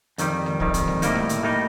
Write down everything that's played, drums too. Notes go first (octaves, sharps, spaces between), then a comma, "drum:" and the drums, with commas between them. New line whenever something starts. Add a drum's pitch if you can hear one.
F2 D#3 G3, drum: hi-hat
drum: snare G#3
F2 D#3 G3, drum: kick
drum: kick, hi-hat
drum: snare G#3
A2 G3 A#3 D#4, drum: hi-hat
drum: snare G#3
drum: hi-hat
A2 G3 A#3 D#4